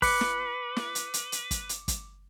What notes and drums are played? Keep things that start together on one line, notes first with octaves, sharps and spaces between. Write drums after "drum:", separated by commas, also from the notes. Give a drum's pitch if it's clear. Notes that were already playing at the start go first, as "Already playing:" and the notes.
B4 D6 C#7, drum: kick, open hi-hat
drum: snare
drum: snare
drum: hi-hat
drum: hi-hat
drum: hi-hat
drum: kick, hi-hat
drum: hi-hat
drum: kick, hi-hat